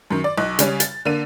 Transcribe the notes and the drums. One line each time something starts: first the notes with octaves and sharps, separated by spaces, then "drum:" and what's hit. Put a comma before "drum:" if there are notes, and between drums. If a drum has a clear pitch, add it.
F#2 D#3
D5
B1 D#5 F#6
C#3 G3 C#4, drum: hi-hat
A6, drum: hi-hat
D3 A#3 D#7